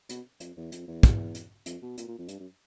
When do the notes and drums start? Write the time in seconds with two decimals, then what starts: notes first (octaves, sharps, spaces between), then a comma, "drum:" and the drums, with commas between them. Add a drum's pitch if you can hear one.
0.09 B2, drum: hi-hat
0.40 F2, drum: hi-hat
0.57 E2
0.72 F2, drum: hi-hat
0.88 E2
1.03 drum: kick, hi-hat
1.35 drum: hi-hat
1.66 F2, drum: hi-hat
1.82 B2
1.98 A#2, drum: hi-hat
2.08 A#2
2.18 F2
2.28 G2, drum: hi-hat
2.39 F#2